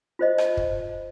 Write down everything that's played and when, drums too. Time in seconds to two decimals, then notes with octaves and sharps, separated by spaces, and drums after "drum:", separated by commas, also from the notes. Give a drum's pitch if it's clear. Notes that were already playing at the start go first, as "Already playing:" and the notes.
0.19 F4 C5 D#5
0.38 drum: rim click
0.57 drum: kick